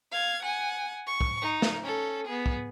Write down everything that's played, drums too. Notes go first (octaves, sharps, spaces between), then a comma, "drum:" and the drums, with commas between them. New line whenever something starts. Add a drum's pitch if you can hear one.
F5 G#6
F#5 G#5
C#6
drum: kick
D#4
drum: snare
C#4 A4
B3 G#4
drum: kick